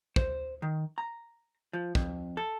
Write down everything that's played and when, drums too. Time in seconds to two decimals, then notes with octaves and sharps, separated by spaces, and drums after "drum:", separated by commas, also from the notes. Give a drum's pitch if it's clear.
0.16 C5, drum: kick
0.62 D#3
0.98 A#5
1.73 F3
1.95 F2, drum: kick
2.37 A4